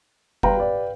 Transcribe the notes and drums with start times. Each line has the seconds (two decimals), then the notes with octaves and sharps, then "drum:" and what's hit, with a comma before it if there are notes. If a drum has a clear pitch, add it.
0.43 G3 B4 F5 G5 A#5 C6, drum: kick F#1
0.57 G4 D5